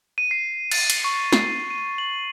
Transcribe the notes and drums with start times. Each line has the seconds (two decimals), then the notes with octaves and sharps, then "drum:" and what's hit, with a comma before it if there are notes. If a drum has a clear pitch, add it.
0.18 D#7
0.31 C7
0.72 A6, drum: cymbal
0.90 drum: cymbal
1.04 C#6
1.33 C7, drum: snare
1.70 D#7
1.98 F#7